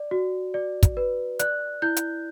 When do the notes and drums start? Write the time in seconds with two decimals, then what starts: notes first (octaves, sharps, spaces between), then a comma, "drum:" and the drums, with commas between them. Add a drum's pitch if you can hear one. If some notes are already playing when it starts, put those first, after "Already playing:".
Already playing: D5
0.11 F#4
0.54 D5
0.83 drum: kick, hi-hat
0.97 B4
1.39 D5 F#6, drum: hi-hat
1.82 E4 G6
1.97 drum: hi-hat